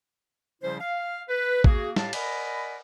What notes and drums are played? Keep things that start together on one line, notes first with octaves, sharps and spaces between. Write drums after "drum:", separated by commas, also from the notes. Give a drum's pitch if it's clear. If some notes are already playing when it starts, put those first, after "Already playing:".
C#3 F3 G3 C#4 E4 C5
F5
B4
A#3 F#4 G#4, drum: kick A1
A2 G4 F5 A5, drum: snare
A#4 D5 D#5 F#5 G#5 B5, drum: cymbal